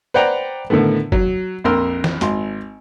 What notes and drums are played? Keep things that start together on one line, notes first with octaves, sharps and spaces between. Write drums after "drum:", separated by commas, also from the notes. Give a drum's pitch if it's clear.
B4 C5 D5 F#5 G5 A#5
A2 D3 D#3 A3 B3
F#3, drum: kick
A#1 F2 A#4 C6 E6
drum: snare
G#1 C6, drum: hi-hat